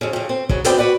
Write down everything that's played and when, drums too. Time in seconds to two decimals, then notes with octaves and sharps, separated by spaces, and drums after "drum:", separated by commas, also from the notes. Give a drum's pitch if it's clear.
0.01 F2 C#3
0.13 F2 C#3
0.29 C4
0.49 C#3 F#3, drum: kick
0.64 D2 C#3 B3 C4 D5 G5, drum: hi-hat
0.78 F#4 B4 D5 F#5